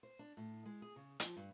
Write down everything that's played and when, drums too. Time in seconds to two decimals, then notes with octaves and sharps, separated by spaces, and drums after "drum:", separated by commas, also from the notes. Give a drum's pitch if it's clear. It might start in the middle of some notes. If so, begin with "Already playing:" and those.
0.03 C5
0.19 D4
0.37 A2
0.66 G#3
0.82 G#4
0.96 C#3
1.20 F3, drum: hi-hat
1.37 G2